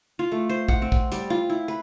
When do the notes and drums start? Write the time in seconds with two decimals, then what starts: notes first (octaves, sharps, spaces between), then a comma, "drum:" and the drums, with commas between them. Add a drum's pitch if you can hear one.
0.19 F4
0.32 A3
0.49 C5
0.68 F#5, drum: kick
0.82 C4
0.92 drum: kick
1.12 G3, drum: hi-hat
1.30 F4
1.50 E4
1.68 B4